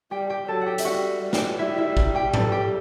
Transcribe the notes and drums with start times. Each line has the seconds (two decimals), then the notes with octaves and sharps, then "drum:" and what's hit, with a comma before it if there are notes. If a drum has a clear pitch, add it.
0.11 G3 G4 G5
0.29 G4 G5
0.48 F#3 A4 A5
0.61 F#5
0.66 G4 G5
0.78 E5, drum: hi-hat
0.85 G3 F#4 F#5
1.22 G3
1.33 drum: snare
1.59 G3 E4 E5
1.78 E4 E5
1.97 drum: kick
2.15 G4 G5
2.34 A4 A5, drum: tom G#2
2.52 G4 G5